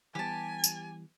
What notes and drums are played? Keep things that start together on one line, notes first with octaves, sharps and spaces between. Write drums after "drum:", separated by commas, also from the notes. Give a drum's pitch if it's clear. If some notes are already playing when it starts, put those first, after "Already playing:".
E3 G3 B3 G4 G#5 A5
drum: tambourine